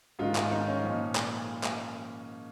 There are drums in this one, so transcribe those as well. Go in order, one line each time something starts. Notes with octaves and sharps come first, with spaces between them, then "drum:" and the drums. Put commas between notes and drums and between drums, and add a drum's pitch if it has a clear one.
G#2 D#3 F4
drum: clap
D#4
C#4
A#2 F3
drum: clap
drum: clap